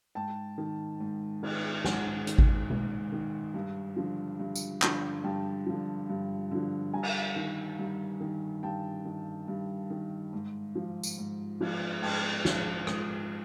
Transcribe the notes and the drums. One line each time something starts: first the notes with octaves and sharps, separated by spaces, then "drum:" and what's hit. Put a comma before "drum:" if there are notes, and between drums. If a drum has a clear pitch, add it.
G#2 G5 A5
D#3
G#2
D#3, drum: cymbal
G#2 F#5 G#5, drum: snare
D#3, drum: hi-hat
drum: kick G#1
G#2, drum: tom B2
D#3
G2
D3 F3
G2
drum: tambourine
D3 F3, drum: clap
G2 G5 A5
D3 F3
G2
D3 F3
G2 G#5 A#5
drum: cymbal
D#3
G2
D#3
G2 G5 A5
D#3
G2
D#3
G#2
F3
drum: tambourine
G#2
F3, drum: cymbal
G#2 G5 A5, drum: cymbal
F3, drum: snare
G#2, drum: rim click